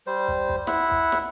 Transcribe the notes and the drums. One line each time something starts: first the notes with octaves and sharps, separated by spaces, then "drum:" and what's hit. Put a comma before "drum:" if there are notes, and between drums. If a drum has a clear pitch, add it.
G3 C5
drum: kick
drum: kick
E4 E5 F#5, drum: snare
drum: kick
drum: snare